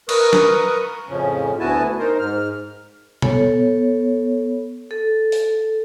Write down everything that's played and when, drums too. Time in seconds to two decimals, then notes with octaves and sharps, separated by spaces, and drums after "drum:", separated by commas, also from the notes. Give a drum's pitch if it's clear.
0.09 A#4 B4 C#6 D#6, drum: cymbal
0.33 drum: snare
1.09 F2 A2 C#3 F3 C#4
1.60 D2 B3 E4 F#4 G#5 A5
1.98 D#4 A#4 C5
2.19 G#2 F6
3.22 B3 A4 C#5, drum: tom B2
4.91 A4
5.32 drum: open hi-hat